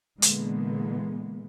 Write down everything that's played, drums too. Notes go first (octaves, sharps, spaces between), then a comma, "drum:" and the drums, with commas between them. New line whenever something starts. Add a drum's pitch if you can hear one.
A#2 D3 E3 G#3 A#3 B3, drum: hi-hat